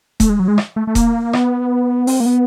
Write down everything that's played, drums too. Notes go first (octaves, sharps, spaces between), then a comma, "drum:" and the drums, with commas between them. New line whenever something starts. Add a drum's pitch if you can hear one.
A3, drum: kick D#1, hi-hat
G#3
F#3
G#3
drum: rim click
A3
A3
A#3, drum: kick D#1, hi-hat
B3, drum: rim click
C4, drum: open hi-hat
A#3
B3